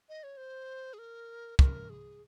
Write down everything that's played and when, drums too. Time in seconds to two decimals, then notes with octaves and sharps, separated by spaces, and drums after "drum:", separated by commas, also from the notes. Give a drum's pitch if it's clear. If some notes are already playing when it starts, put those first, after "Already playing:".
0.09 D#5
0.23 C#5
0.37 C5
0.94 G#4
0.99 A#4
1.59 A#4, drum: kick
1.90 G#4